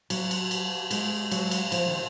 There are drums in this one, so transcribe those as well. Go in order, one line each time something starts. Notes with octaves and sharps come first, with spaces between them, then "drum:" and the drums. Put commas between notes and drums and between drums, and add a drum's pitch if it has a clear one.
F#3, drum: cymbal
drum: cymbal
drum: cymbal
G#3, drum: cymbal
F#3, drum: cymbal
drum: cymbal
F3, drum: cymbal
D#3